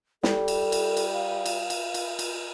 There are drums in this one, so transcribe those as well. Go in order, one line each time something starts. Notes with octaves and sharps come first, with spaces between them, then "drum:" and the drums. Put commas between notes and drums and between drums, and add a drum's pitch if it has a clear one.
G3 A4, drum: snare
drum: cymbal
drum: cymbal
drum: cymbal
F5
drum: cymbal
drum: cymbal
drum: cymbal
drum: cymbal